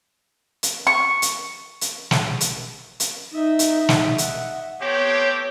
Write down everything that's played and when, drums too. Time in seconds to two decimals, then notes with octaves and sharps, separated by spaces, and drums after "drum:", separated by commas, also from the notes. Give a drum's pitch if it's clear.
0.63 drum: hi-hat
0.87 C#6
1.22 drum: hi-hat
1.81 drum: hi-hat
2.11 drum: snare
2.41 drum: hi-hat
3.00 drum: hi-hat
3.32 D#4 D#5 E5
3.59 drum: hi-hat
3.89 drum: snare
4.18 F#5, drum: hi-hat
4.81 A3 B3 C4 G4 C#5 C#6